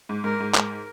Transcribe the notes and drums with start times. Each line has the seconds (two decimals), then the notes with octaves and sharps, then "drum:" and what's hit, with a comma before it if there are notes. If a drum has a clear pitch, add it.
0.09 G#2
0.24 G#2 A#4
0.40 G#2
0.55 G#2 A#4, drum: clap